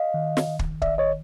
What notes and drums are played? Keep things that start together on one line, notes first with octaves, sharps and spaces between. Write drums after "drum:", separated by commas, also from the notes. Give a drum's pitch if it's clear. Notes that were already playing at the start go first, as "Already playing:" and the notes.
Already playing: D#5 F5
D#3
drum: snare
D#3
drum: kick
G1 D5 E5, drum: kick
C#5 D#5